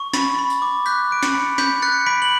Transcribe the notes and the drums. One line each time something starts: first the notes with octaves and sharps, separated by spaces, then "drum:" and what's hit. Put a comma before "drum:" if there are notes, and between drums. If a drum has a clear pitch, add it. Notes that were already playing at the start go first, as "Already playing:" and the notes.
Already playing: C#6
B5 A6, drum: snare
B5
drum: tambourine
D6
F#6 G6 B6, drum: tambourine
F#6 D7
A6 C#7, drum: snare
B5
B5 G6 B6, drum: snare
F#6 A6 C#7
B5 B6 D7
F#7